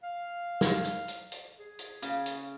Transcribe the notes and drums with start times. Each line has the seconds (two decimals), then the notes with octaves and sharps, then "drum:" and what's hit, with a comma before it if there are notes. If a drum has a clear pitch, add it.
0.03 F5
0.61 drum: snare
0.85 drum: hi-hat
1.08 drum: hi-hat
1.32 drum: hi-hat
1.59 G#4
1.79 drum: hi-hat
2.02 C#3, drum: hi-hat
2.26 drum: hi-hat